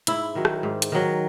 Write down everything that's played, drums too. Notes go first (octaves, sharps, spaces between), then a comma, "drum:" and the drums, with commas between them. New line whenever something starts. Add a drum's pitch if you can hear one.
G#2 E4, drum: hi-hat
D#3 F#3
drum: rim click
G#2
drum: hi-hat
D#3 F#3